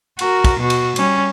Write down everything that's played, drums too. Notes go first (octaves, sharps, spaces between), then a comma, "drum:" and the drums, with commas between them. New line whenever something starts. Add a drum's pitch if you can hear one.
F#4 A#4, drum: cymbal
drum: kick, cymbal
B2 F#4
drum: cymbal
G3 C#4, drum: cymbal